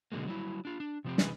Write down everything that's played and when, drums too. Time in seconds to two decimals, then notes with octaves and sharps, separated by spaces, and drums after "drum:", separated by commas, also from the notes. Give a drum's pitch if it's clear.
0.12 B2 D3 F#3 G#3 A#3
0.28 F#3 G3 E4
0.65 D4 F4
0.80 D4
1.04 C3 F3 C4 G4
1.18 C3 E3 D#4 G#4 B4, drum: snare